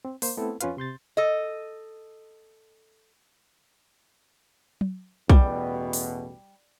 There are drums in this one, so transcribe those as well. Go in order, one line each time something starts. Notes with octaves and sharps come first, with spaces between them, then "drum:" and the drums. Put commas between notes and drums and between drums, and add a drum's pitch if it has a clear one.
C4
A#3 C5, drum: open hi-hat
A3 B3 C4 E4 A4
F2 C#4 F4 B4 F5, drum: hi-hat
C3 C6 G6 A6
A4 D#5
drum: tom F#3
A1 E2 B2 G3, drum: kick B1
drum: open hi-hat